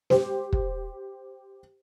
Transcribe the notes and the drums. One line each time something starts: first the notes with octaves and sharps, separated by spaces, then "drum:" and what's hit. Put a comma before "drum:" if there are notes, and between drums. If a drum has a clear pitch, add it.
G4 C5, drum: snare
drum: kick